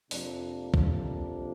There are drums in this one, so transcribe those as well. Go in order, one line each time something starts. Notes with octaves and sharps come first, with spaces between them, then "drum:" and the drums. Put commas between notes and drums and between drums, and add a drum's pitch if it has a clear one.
F2 C3 A#3 D4, drum: open hi-hat
drum: kick